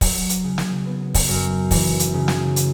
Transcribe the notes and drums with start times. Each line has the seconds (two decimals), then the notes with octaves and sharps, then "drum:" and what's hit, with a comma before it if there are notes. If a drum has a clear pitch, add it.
0.01 F#3, drum: kick, open hi-hat
0.29 drum: hi-hat
0.44 C#3
0.58 drum: snare
0.86 B3
1.14 drum: kick, open hi-hat
1.29 F#2
1.71 E3, drum: kick, open hi-hat
2.00 drum: hi-hat
2.14 C#3
2.28 drum: snare
2.56 drum: hi-hat